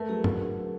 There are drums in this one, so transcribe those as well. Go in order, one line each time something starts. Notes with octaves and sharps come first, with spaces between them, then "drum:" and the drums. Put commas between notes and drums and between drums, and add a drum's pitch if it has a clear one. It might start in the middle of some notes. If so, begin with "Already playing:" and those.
Already playing: A3 A#4 B4
F#3 G#4
D3, drum: tom G2